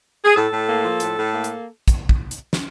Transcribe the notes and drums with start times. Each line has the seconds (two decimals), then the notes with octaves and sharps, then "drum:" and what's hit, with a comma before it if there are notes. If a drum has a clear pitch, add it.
0.25 G#4
0.35 A2 A4
0.51 A2
0.68 A#3
0.84 F3
1.00 A2, drum: hi-hat
1.17 A2
1.33 A#3
1.44 drum: hi-hat
1.88 drum: kick, hi-hat
2.09 drum: kick
2.31 drum: hi-hat
2.53 drum: snare